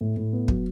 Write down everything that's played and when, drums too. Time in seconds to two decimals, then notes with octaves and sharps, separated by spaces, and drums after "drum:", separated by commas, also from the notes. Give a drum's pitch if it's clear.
0.01 A2
0.17 A2
0.33 B3
0.48 F#3, drum: kick